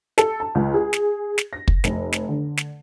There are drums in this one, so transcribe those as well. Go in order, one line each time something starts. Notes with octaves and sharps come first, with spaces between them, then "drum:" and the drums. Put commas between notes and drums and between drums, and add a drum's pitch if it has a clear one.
A4, drum: snare
A5
C#2
G#4
drum: snare
drum: snare
A#6
drum: kick
F1, drum: snare
drum: snare
D3
drum: snare